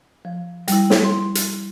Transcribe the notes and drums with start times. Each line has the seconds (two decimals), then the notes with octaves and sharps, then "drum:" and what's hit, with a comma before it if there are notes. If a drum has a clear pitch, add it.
0.25 F3
0.68 G3 E4, drum: hi-hat
0.90 drum: snare
1.04 C6
1.35 drum: hi-hat